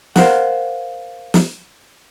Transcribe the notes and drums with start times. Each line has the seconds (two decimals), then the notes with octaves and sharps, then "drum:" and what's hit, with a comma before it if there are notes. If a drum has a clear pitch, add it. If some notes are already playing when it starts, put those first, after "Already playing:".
0.16 A#4 C5 F5 F#5, drum: snare
1.34 drum: snare